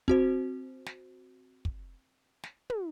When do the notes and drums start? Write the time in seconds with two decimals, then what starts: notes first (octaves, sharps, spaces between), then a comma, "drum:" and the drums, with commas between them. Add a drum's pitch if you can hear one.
0.08 C4 F#4 C5, drum: kick
0.86 drum: snare
1.65 drum: kick
2.43 drum: snare
2.70 drum: tom